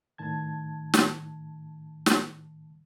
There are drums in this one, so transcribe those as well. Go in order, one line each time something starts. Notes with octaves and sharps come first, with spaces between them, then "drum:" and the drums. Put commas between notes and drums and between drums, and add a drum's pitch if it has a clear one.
A2 D#3 A5 G#6
drum: snare
drum: snare